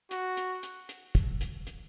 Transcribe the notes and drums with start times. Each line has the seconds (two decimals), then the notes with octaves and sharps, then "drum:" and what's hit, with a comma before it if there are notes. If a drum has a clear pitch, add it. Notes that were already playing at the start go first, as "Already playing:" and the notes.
0.11 F#4, drum: hi-hat
0.37 drum: hi-hat
0.63 drum: hi-hat
0.89 drum: hi-hat
1.15 drum: kick, hi-hat
1.41 drum: hi-hat
1.67 drum: hi-hat